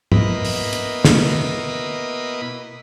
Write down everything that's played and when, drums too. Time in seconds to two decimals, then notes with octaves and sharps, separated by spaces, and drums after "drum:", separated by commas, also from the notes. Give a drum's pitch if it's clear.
0.12 B2 A#3 E4 B4 D#5 B5, drum: tom
0.45 drum: open hi-hat
0.73 drum: hi-hat
1.05 drum: snare